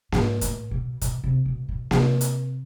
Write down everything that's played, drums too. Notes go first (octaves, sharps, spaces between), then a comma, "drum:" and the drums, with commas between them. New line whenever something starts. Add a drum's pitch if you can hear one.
G#2, drum: snare A#3
A2, drum: hi-hat
B2
B2, drum: hi-hat
C3
B2
B2
C3, drum: snare A#3
drum: hi-hat